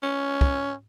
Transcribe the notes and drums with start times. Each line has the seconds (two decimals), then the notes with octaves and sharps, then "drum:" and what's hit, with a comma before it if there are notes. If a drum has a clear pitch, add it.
0.03 C#4
0.41 drum: kick